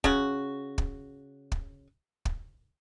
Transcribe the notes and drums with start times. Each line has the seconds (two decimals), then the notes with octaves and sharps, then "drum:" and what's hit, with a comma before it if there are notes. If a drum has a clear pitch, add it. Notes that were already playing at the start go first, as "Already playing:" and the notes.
0.04 C#3 F#4, drum: kick
0.78 drum: kick
1.52 drum: kick
2.25 drum: kick